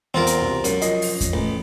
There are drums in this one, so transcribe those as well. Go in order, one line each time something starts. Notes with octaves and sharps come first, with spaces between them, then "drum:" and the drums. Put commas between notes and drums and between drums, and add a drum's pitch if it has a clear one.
E2 C4 F4 A#4
drum: hi-hat
C2 B2
F#2, drum: hi-hat
F3 D#5 C7, drum: hi-hat
drum: open hi-hat
drum: kick E2, hi-hat
A1